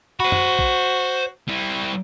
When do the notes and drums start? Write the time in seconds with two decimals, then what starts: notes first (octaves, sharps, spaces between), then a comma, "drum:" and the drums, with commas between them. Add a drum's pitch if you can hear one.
0.20 F#4 C5 B5
0.32 drum: tom
0.59 drum: kick A#1
1.48 G3 E4